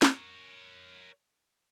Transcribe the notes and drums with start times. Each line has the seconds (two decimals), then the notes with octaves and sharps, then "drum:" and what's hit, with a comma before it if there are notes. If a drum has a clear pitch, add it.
0.02 A#4 C#5, drum: snare